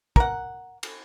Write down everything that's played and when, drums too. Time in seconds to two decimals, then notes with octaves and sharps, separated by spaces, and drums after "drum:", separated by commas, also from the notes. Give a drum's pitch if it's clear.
0.16 A#4 F#5, drum: kick
0.83 drum: cymbal